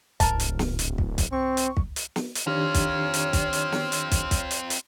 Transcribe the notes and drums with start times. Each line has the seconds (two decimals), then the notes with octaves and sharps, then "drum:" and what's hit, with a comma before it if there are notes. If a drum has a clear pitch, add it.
0.20 D1 C2 G#2 A#4 A5, drum: kick, hi-hat
0.40 drum: hi-hat
0.59 drum: snare
0.79 drum: hi-hat
0.98 drum: kick
1.18 drum: kick, hi-hat
1.33 C4 C#6
1.57 drum: hi-hat
1.77 drum: kick
1.96 drum: hi-hat
2.16 drum: snare
2.35 drum: hi-hat
2.47 D#3 C4 D4 F4 G4 C#5 F6
2.74 drum: kick, hi-hat
3.14 drum: hi-hat
3.33 drum: kick, hi-hat
3.53 drum: hi-hat
3.72 drum: snare
3.92 drum: hi-hat
4.11 drum: kick, hi-hat
4.31 drum: kick, hi-hat
4.51 drum: hi-hat
4.70 drum: hi-hat